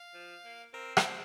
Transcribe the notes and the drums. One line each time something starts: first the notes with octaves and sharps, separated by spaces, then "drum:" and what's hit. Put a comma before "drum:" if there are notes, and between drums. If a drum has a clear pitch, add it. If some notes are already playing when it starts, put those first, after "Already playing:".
Already playing: F5
F3
A#3
C4 A#4
C5, drum: rim click